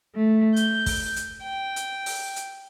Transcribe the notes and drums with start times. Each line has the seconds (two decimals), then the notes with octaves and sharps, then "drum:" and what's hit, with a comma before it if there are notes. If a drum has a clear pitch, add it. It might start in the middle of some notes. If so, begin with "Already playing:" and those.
0.15 A3
0.56 G6, drum: hi-hat
0.86 drum: kick, open hi-hat
1.16 drum: hi-hat
1.43 G5
1.76 drum: hi-hat
2.06 drum: open hi-hat
2.36 drum: hi-hat